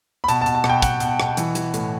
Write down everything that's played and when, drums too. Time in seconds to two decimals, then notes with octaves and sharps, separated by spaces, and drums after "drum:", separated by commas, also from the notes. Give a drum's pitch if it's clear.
0.24 B5
0.28 B2 A5, drum: hi-hat
0.41 A5
0.46 B2, drum: hi-hat
0.55 A5
0.64 B2, drum: rim click
0.69 G5
0.82 B2 F#5, drum: kick, hi-hat
1.00 B2, drum: hi-hat
1.20 B2, drum: rim click
1.37 E3, drum: hi-hat
1.55 E3, drum: hi-hat
1.74 A2, drum: hi-hat